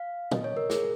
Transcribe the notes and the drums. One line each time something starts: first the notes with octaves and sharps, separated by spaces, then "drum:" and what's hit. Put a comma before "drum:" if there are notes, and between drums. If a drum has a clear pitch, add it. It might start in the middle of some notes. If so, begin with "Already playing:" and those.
Already playing: F5
D#5, drum: tom
C#5
A#4
G#4, drum: snare